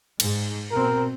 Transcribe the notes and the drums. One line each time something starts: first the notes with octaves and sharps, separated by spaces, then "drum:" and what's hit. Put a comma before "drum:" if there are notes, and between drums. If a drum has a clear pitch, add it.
G#2, drum: cymbal
B2 C4 A#4